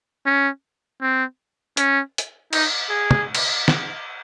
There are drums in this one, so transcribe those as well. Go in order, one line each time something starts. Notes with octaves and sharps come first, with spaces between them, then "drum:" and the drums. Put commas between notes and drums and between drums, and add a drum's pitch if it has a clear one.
C#4
C4
C#4, drum: hi-hat
drum: hi-hat
D#4, drum: cymbal
G#4
drum: tom
drum: cymbal
drum: snare